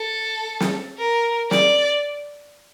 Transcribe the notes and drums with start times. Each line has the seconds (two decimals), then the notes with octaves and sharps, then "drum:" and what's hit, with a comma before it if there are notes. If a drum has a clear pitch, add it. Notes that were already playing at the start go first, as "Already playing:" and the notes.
Already playing: A4
0.60 drum: snare
0.98 A#4
1.51 D5, drum: snare